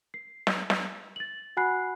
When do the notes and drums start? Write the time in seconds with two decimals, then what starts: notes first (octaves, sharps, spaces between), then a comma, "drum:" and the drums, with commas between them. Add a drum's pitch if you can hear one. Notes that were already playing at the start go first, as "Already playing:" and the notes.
0.14 C7
0.47 drum: snare
0.70 drum: snare
1.16 A6 F#7
1.57 F#4 F#5 G#5 B5 F#6 C7